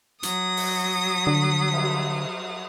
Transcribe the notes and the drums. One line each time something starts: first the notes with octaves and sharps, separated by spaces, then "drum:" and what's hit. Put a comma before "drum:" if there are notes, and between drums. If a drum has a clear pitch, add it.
F#3 D#6, drum: hi-hat
drum: open hi-hat
D3
drum: cymbal